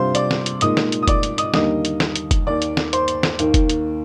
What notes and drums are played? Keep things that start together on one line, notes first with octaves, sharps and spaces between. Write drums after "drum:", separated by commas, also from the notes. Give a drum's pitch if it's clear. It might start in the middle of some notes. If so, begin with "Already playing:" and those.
Already playing: C3 G3 D4 F4 C5 C6
D5 D6, drum: hi-hat
drum: snare
drum: hi-hat
A#2 G#3 D#4 D#5 D#6, drum: hi-hat
drum: snare
drum: hi-hat
D#6
D5 D6, drum: kick F1, hi-hat
drum: hi-hat
D#5 D#6, drum: hi-hat
D#2 D3 G3 A#3 D#4 D#5 D#6, drum: snare
drum: hi-hat
drum: snare
drum: hi-hat
drum: kick F1, hi-hat
D#2 D#3 A#3 D5 D6
drum: hi-hat
drum: snare
C5 C6, drum: hi-hat
drum: hi-hat
drum: snare
D#2 D#3 A#3, drum: hi-hat
drum: kick F1, hi-hat
drum: hi-hat